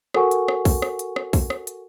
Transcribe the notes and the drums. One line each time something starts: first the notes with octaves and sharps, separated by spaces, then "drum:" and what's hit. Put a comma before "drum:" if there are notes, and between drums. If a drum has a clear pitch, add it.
F#4 A4 A#4 F#5 G#5 C#6, drum: rim click
drum: hi-hat
drum: rim click
drum: kick, open hi-hat
drum: rim click
drum: hi-hat
drum: rim click
drum: kick, open hi-hat
drum: rim click
drum: hi-hat